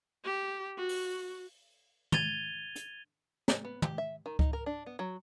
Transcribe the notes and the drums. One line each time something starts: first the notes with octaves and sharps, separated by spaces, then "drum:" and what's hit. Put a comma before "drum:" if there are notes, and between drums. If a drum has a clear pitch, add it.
G4
F#4
drum: open hi-hat
G#6 A6 D#7 F7 G7, drum: tom
drum: hi-hat
drum: snare
B3
G4, drum: tom
E5
D#3
D#4, drum: kick C#2
A#4
D4
B3
F#3